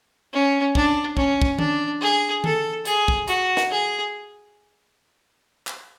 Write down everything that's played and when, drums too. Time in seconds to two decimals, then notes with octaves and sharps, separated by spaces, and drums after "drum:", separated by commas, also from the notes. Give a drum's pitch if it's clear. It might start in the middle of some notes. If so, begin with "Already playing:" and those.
0.33 C#4
0.75 D4, drum: kick
1.17 C#4, drum: kick
1.42 drum: kick
1.59 D4, drum: tom D#3
2.01 G#4
2.44 A4, drum: tom D#3
2.85 G#4, drum: hi-hat
3.08 drum: kick
3.28 F#4, drum: hi-hat
3.57 drum: snare
3.71 G#4
5.67 drum: clap